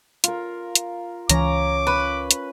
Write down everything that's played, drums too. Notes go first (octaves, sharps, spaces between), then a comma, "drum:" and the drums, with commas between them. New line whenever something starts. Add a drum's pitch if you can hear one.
F4 A#4, drum: hi-hat
drum: hi-hat
C#2 E3 C#4 A#5 D6, drum: hi-hat
B4
drum: hi-hat